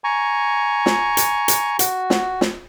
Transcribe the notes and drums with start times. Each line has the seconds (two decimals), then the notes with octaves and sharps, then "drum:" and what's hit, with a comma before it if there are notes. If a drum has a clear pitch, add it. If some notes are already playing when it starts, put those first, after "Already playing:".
0.04 G#5 A#5 C#6
0.86 drum: snare
1.17 drum: hi-hat
1.48 drum: hi-hat
1.79 F#4, drum: hi-hat
2.10 drum: snare
2.41 drum: snare